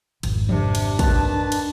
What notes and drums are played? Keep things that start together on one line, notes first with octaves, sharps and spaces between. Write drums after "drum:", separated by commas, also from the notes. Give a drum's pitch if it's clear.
G#1 F2, drum: cymbal
C3 D4, drum: tom
drum: cymbal
D#3 B4 A5, drum: kick, cymbal
drum: cymbal